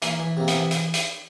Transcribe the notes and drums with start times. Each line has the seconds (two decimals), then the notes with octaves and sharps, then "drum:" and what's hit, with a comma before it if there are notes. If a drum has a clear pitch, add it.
0.02 E3 A#3, drum: hi-hat
0.20 E3
0.37 C3 A#3
0.48 B3, drum: hi-hat
0.54 E3
0.71 drum: hi-hat
0.94 drum: hi-hat